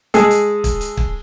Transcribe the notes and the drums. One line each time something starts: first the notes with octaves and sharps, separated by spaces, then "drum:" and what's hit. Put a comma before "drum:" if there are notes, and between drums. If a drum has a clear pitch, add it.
G#3 G#4 A4, drum: hi-hat
drum: hi-hat
drum: kick, hi-hat
drum: hi-hat
drum: kick